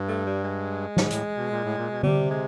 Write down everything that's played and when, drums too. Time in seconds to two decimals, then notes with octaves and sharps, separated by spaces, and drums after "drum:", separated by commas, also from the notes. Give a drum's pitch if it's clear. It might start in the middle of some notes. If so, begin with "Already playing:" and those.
Already playing: G2
0.08 A3
0.27 G3
0.44 G#3
0.97 G#2, drum: snare
1.10 A2, drum: hi-hat
1.37 B2
1.51 A#2
1.64 A2
1.77 A#2
1.90 B2
2.03 C3 G3, drum: tom D3
2.30 G#3